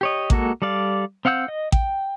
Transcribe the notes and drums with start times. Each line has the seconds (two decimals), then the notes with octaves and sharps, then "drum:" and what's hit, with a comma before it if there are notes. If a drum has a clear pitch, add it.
0.01 G4 C#5 D#5
0.30 G#3 A#3 F#4 A4, drum: kick A1
0.62 G3 A4 D5 F5
1.25 C4 F5 F#5 E6 G6
1.48 D#5
1.72 G5, drum: kick A1